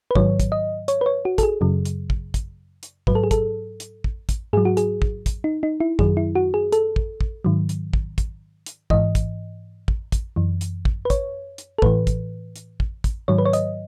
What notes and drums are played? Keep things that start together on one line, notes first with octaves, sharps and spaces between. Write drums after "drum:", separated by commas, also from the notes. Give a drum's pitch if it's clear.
B4
G#2 D#3 F#3 C#5, drum: kick
drum: kick, hi-hat
D#5
C#5, drum: hi-hat
B4
C#5
F#4
A4, drum: kick, hi-hat
G#4
F#2 C#3 F#3
drum: hi-hat
drum: kick
drum: kick, hi-hat
drum: hi-hat
G#2 F#3 B4, drum: kick
A4
G#4
A4, drum: kick, hi-hat
drum: hi-hat
drum: kick
drum: kick, hi-hat
G#2 F#3 G#4
F#4
G#4, drum: hi-hat
drum: kick
drum: kick, hi-hat
D#4
D#4
E4
F#2 D#3 F#3 G#4, drum: kick
E4
F#4
G#4
A4, drum: hi-hat
drum: kick
drum: kick
G#2 D#3 F#3
drum: hi-hat
drum: kick
drum: kick, hi-hat
drum: hi-hat
G#2 E3 D#5, drum: kick
drum: kick, hi-hat
drum: kick
drum: kick, hi-hat
F#2 E3
drum: hi-hat
drum: kick
B4
C#5, drum: kick, hi-hat
drum: hi-hat
A4
A2 E3 B4, drum: kick
drum: kick, hi-hat
drum: hi-hat
drum: kick
drum: kick, hi-hat
G#2 D#3 F#3 C#5
B4
C#5
D#5, drum: hi-hat